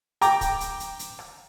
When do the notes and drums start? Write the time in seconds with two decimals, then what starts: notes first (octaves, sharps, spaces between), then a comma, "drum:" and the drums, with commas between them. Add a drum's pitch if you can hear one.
0.21 G5 A#5 D6, drum: hi-hat
0.41 drum: kick, hi-hat
0.60 drum: hi-hat
0.80 drum: hi-hat
0.99 drum: hi-hat
1.19 drum: rim click